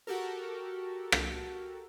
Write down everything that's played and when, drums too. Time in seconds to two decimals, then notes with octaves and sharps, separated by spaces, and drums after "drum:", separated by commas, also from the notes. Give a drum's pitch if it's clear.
0.07 F#4 G4 A4 A#4
1.12 drum: rim click